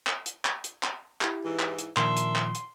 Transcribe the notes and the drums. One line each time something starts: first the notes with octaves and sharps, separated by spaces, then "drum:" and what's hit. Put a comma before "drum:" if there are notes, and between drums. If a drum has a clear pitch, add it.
drum: clap
drum: hi-hat
drum: clap
drum: hi-hat
drum: clap
E4 G4, drum: clap
G#2 E3
drum: clap
drum: hi-hat
A#2 D#3 F3 D4 A#4 E5 C6, drum: clap
drum: hi-hat
drum: clap
drum: hi-hat